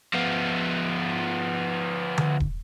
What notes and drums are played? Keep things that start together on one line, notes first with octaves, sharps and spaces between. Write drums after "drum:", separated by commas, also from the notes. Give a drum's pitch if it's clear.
F3 B3
drum: tom D3
drum: kick